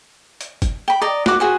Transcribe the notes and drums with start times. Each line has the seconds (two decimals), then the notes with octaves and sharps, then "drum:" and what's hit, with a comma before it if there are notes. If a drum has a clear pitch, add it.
0.41 drum: hi-hat
0.62 drum: kick, hi-hat
0.88 G5 B5
1.02 D5 D#5 A#5
1.26 F#4 D6, drum: snare
1.40 F#4 G#4 C5